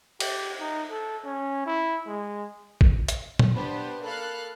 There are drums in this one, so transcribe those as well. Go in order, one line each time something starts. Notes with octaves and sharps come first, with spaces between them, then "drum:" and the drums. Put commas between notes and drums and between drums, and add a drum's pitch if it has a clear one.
G4, drum: cymbal
D#4
A4
C#4
E4
G#3
drum: kick A1
drum: hi-hat
drum: tom A#2
B3 D4 G4 B4 C5
A#3 A4 F5 B5 F#6